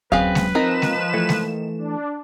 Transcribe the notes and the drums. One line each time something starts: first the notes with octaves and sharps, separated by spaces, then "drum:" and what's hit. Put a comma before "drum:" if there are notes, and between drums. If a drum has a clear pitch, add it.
F#2 C4 G#4 B4 F5, drum: kick D2
drum: snare G#3
D#3 F3 C4 D#4 A#4 E7
drum: snare G#3
E3 A3
drum: snare G#3
D4